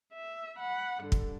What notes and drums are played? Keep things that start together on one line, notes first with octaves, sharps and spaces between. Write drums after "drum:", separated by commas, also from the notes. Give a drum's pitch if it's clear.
E5
F#5 B5
G2 D3
drum: kick